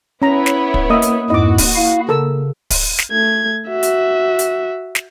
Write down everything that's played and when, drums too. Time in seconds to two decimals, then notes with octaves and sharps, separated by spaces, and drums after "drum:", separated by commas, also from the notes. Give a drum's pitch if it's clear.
0.22 B3 C#4 E4 C#5 A#5
0.46 drum: snare
0.74 drum: kick
0.90 A#3 D#5 E5 D#6
1.02 drum: hi-hat
1.30 F2 G#2 E4 F#4 D#5 D6
1.58 drum: kick, open hi-hat
1.75 E4 F5
2.09 C#3 A4 A#4 E6
2.70 drum: kick, open hi-hat
2.98 drum: snare
3.11 A3 G#6
3.69 F#4 E5
3.83 drum: hi-hat
4.39 drum: hi-hat
4.95 drum: snare